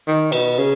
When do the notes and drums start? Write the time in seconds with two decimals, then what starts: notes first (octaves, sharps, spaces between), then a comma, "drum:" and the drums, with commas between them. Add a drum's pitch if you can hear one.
0.07 D#3
0.32 B2, drum: cymbal
0.58 C#3